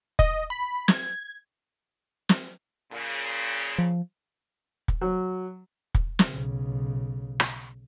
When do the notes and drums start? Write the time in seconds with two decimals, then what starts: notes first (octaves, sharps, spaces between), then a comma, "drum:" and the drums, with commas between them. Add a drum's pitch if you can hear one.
0.19 D#5, drum: kick
0.50 B5
0.88 G#6, drum: snare
2.29 drum: snare
2.92 A#2 C#3
3.78 F3
4.88 drum: kick
5.01 F#3
5.95 drum: kick
6.19 drum: snare
6.28 B1 C#3
7.40 drum: rim click